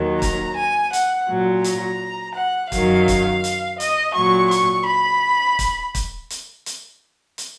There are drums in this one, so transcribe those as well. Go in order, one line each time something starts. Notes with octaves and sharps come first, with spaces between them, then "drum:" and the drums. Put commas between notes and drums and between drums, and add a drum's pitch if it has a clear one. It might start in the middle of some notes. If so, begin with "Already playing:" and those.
Already playing: D#2 D#3 F#3
A#5, drum: kick, hi-hat
G#5
F#5, drum: hi-hat
A#2 F#3
A#5, drum: hi-hat
F#5
F#2 D#3 F#3 F5, drum: kick, hi-hat
drum: kick, hi-hat
drum: hi-hat
D#5, drum: hi-hat
A#2 F#3 C#6
C#6, drum: hi-hat
B5
drum: kick, hi-hat
drum: kick, hi-hat
drum: hi-hat
drum: hi-hat
drum: hi-hat